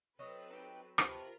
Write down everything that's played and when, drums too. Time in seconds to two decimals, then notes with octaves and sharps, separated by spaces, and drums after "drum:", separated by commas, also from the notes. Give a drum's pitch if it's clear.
0.19 F#3 C4 A4 B4 D#5
0.50 D#4 G4 G5
0.98 C3 F4 A#4 B4 C#5 A5 B5, drum: rim click